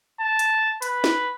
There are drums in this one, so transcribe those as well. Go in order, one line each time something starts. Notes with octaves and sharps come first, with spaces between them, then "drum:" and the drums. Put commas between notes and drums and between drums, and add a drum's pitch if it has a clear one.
A5
drum: hi-hat
B4, drum: hi-hat
drum: snare